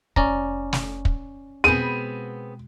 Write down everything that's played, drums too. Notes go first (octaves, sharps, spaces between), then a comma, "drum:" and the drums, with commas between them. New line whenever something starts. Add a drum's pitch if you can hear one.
F1 C#4 D5 A#5, drum: kick
drum: snare
drum: kick
B2 G#3 B3 C4 G#4 D#7